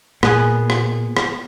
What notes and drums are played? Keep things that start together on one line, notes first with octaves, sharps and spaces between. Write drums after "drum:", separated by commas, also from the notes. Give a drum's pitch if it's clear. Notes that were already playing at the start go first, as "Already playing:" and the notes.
A#2 B3 G#4, drum: rim click
drum: rim click
drum: rim click